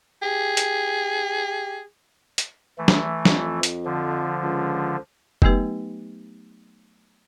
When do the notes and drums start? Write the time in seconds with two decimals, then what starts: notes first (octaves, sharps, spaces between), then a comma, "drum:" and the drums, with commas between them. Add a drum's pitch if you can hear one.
0.22 G4 G#4
0.57 drum: hi-hat
2.38 drum: hi-hat
2.78 E3 A3
2.88 drum: snare
3.25 F2, drum: snare
3.63 drum: hi-hat
3.85 D3 F3
4.42 C#2
5.42 F#3 A3 B3 D#4 G4 B4, drum: kick F1